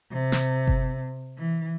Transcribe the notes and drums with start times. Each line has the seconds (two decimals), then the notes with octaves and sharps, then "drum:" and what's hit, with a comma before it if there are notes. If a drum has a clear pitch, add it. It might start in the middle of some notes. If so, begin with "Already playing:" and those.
0.12 C3
0.32 drum: snare
0.67 drum: kick G1
1.38 E3